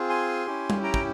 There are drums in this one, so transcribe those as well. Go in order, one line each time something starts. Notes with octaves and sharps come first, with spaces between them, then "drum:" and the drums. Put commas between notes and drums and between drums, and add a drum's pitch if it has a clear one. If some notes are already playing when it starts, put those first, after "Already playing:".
Already playing: C4 F4 G#4
G#5 C6
C#4 E4 G4
drum: tom G3
G5 A#5
G5, drum: kick